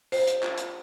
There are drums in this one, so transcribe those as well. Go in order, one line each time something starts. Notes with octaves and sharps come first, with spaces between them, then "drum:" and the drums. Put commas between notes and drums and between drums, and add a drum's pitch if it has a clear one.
F4 C5, drum: open hi-hat
drum: hi-hat
F4, drum: clap
drum: hi-hat